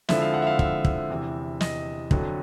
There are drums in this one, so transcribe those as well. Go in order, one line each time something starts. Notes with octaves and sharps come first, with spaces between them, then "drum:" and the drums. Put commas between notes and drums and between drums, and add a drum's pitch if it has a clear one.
D3 F3 G#3 C4 E4 E5, drum: snare
F5
F#5
E5
F5
E5, drum: kick
drum: kick
E2 C3 E3
D#5, drum: snare
F2 D3 F#3, drum: kick